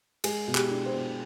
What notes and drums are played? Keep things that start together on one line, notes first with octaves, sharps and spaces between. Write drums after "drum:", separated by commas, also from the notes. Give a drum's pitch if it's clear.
G#3 G#4, drum: cymbal
B2
G4, drum: clap
D4
C5
B2